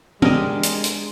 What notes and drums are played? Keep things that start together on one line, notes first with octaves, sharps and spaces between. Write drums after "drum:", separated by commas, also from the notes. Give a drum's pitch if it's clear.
G#3 D4 G4 A#4 D#5, drum: tom
drum: hi-hat
drum: hi-hat